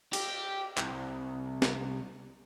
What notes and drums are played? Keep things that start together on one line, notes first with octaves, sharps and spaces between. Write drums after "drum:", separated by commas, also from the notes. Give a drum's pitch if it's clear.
G4, drum: cymbal
C2, drum: clap
drum: snare